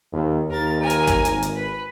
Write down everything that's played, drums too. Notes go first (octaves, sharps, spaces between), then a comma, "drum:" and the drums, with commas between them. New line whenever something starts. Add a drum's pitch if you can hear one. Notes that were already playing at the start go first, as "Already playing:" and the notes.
D#2
D#2 A#4 A6
A#4 G#5
drum: hi-hat
drum: kick, hi-hat
G#1, drum: hi-hat
drum: hi-hat
B4